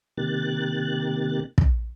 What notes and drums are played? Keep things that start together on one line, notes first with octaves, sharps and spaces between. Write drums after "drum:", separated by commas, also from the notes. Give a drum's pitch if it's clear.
C3 D#3 A#3 G4 F#6 A6
drum: kick